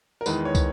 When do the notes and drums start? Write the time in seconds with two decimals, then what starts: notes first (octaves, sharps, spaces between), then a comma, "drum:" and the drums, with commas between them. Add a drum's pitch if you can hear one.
0.21 A#4
0.26 E2 D#3 G#3 B4, drum: tambourine
0.45 C#5
0.55 drum: kick, tambourine